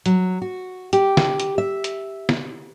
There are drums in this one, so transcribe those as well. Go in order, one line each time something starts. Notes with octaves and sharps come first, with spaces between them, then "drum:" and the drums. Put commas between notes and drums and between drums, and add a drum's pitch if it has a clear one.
F#3, drum: hi-hat
F#4
G4, drum: hi-hat
drum: snare
drum: hi-hat
E5
drum: hi-hat
drum: snare